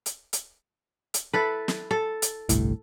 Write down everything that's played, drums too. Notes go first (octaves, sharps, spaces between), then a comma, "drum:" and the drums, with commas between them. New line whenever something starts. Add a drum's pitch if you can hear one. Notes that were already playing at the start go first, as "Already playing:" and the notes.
drum: hi-hat
drum: hi-hat
drum: hi-hat
E4 A4 B4
drum: snare
A4
drum: hi-hat
G1 C2 A2, drum: hi-hat